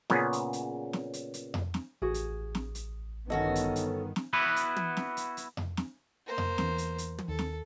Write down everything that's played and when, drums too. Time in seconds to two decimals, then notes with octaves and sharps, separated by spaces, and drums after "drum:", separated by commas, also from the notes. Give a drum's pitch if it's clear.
0.10 A#2 C#3 B3 C#4 G#4, drum: snare
0.33 drum: hi-hat
0.53 drum: hi-hat
0.93 drum: snare
1.13 drum: hi-hat
1.34 drum: hi-hat
1.54 drum: tom F2
1.74 drum: snare
2.02 A1 F#4 G#4
2.14 drum: hi-hat
2.55 drum: snare
2.75 drum: hi-hat
3.30 G1 D#3 B3 C#4 F#4 A4 D#5
3.55 drum: hi-hat
3.76 drum: hi-hat
4.16 drum: snare
4.33 B3 E4 F#4 B4
4.56 drum: hi-hat
4.76 drum: tom
4.97 drum: snare
5.17 drum: hi-hat
5.37 drum: hi-hat
5.57 drum: tom F2
5.77 drum: snare
6.26 A#3 C5
6.38 drum: tom F2
6.58 E2 E3, drum: snare
6.78 drum: hi-hat
6.98 drum: hi-hat
7.18 drum: tom
7.28 D#2 A4
7.39 drum: snare